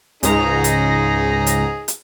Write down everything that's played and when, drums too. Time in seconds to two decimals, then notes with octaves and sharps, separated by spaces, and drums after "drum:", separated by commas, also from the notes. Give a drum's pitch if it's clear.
0.23 C#2 G#2 D#4 G#4 A#5, drum: hi-hat
0.64 drum: hi-hat
1.47 drum: hi-hat
1.88 drum: hi-hat